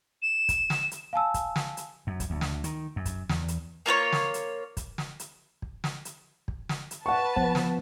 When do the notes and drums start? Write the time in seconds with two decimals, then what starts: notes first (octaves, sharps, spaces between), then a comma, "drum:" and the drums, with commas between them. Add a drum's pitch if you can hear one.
0.22 E7
0.49 drum: kick, hi-hat
0.70 drum: snare
0.91 drum: hi-hat
1.13 F5 G#5 A5 E6
1.34 drum: kick, hi-hat
1.56 drum: snare
1.77 drum: hi-hat
2.07 F#2
2.20 drum: kick, hi-hat
2.30 D2
2.41 drum: snare
2.64 D#3, drum: hi-hat
2.96 F#2
3.05 drum: kick, hi-hat
3.29 E2, drum: snare
3.48 drum: hi-hat
3.86 A#3 F4 B4 C#5
4.12 drum: snare
4.34 drum: hi-hat
4.77 drum: kick, hi-hat
4.98 drum: snare
5.20 drum: hi-hat
5.62 drum: kick
5.84 drum: snare
6.05 drum: hi-hat
6.48 drum: kick
6.69 drum: snare
6.91 drum: hi-hat
7.06 B4 F#5 A5 C#6
7.36 F3 B3, drum: kick
7.55 drum: snare